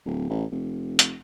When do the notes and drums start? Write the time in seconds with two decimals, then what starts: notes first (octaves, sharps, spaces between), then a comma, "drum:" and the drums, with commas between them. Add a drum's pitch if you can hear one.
0.05 D1
0.30 A1
0.51 F1
0.99 drum: hi-hat